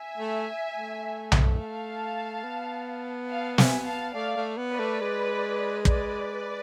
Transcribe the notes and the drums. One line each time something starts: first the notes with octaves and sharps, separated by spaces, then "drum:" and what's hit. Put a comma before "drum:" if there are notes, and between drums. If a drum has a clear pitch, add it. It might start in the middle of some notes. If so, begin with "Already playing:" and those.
Already playing: E5 G#5
A3
A3
drum: tom B1
F5 A5
B3
F5 A5
E5 G#5, drum: snare
F5 A5
A3 D5 F5
A3
B3
B4 D5
A3
G#3
B4 D5, drum: kick